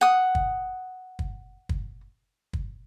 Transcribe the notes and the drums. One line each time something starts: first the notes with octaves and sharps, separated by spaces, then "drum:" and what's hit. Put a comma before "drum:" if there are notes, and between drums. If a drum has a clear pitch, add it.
F#5 D#6
drum: kick
drum: kick
drum: kick
drum: kick